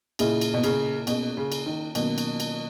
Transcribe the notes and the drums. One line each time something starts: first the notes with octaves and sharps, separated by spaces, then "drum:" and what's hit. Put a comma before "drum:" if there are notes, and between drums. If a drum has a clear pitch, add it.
A#2 C#3 A#3 E4 G#4 D#5, drum: cymbal
drum: cymbal
B2
C#3, drum: cymbal
B2 A#3 C#4 G#4 D#5, drum: cymbal
C#3
drum: cymbal
D#3
B2 D#3 F#3 A#3 C#4, drum: cymbal
drum: cymbal
drum: cymbal